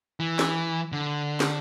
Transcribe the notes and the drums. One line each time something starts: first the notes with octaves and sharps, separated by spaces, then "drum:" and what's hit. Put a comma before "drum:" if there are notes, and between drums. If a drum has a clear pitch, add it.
E3
drum: snare
D3
drum: snare